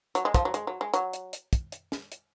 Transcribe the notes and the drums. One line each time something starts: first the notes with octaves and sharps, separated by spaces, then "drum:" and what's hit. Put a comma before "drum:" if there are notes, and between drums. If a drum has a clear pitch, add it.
F#3, drum: hi-hat
G#3
F3, drum: kick, hi-hat
F#3
G#3, drum: hi-hat
F#3
G#3
F#3, drum: hi-hat
drum: hi-hat
drum: hi-hat
drum: kick, hi-hat
drum: hi-hat
drum: snare
drum: hi-hat